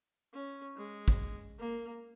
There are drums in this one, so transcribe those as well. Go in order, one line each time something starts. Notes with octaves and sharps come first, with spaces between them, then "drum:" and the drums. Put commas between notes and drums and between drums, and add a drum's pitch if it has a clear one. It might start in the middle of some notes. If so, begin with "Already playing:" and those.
C#4
G#3
drum: kick
A#3